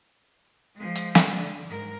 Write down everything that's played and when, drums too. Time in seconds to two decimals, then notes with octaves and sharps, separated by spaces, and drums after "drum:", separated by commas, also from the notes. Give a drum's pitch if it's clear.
0.76 F3 G#3
0.95 drum: hi-hat
1.15 drum: snare
1.31 D3
1.68 G#2 A#4